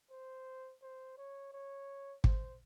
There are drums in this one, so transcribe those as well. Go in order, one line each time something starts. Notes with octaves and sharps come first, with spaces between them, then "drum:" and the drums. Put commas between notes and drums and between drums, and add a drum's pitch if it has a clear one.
C5
C5
C#5
C#5
C5, drum: kick